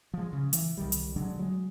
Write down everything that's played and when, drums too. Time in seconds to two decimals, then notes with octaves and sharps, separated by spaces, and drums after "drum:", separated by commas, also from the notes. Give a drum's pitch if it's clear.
0.14 F3 G#3
0.33 C#3
0.53 E3, drum: hi-hat
0.77 C2 D#3 G3
0.92 drum: hi-hat
1.16 D3 F#3 G#3 D4
1.39 F#3 G#3